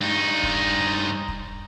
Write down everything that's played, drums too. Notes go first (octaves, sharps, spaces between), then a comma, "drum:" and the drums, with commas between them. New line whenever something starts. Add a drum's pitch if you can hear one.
G2 D#4
drum: kick
drum: kick